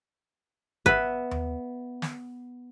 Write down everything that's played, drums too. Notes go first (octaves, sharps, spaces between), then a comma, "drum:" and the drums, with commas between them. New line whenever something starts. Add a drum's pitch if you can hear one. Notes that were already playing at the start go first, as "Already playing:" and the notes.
B3 B4 E5, drum: kick
drum: tom D#2
drum: snare